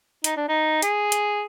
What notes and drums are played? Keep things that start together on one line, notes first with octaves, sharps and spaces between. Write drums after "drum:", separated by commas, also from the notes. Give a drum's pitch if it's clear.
D#4, drum: hi-hat
D4
D#4
G#4, drum: hi-hat
drum: hi-hat